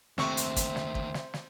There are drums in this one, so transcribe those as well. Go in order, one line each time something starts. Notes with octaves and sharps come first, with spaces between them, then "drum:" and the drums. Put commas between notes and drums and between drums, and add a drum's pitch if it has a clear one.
D#2 C3 A3 C4 E5 C#6, drum: snare
drum: hi-hat
drum: kick, hi-hat
drum: snare
drum: kick
drum: snare
drum: snare